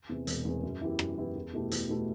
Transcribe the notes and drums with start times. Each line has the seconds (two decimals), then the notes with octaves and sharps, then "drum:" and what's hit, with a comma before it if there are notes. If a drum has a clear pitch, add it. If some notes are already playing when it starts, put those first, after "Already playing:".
0.09 E2 C3
0.27 E1, drum: hi-hat
0.45 E2 C3
0.63 F#2
0.81 E3 B3 E4 G4
0.99 F#2, drum: rim click
1.18 E3 B3 E4 G4
1.35 E2
1.53 B2 A3 E4 G4
1.71 E2, drum: hi-hat
1.89 B2 A3 E4 G4